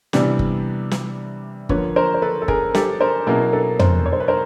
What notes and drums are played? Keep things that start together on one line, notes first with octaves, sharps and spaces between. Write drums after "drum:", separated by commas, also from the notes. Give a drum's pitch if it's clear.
C3 E3 G3 B3 D4, drum: snare
drum: kick
drum: snare
D3 F3 A#3 B4 C#5, drum: kick
A#4 C5
C5
A4 B4
A4
G#4 A#4, drum: kick
G4 A4, drum: snare
A#4 C5
B2 F#3 A#3 C#4 E4 G#4 A#4
A4 B4
A#4 C5, drum: tom
C#5
C5
B4
A#4 C5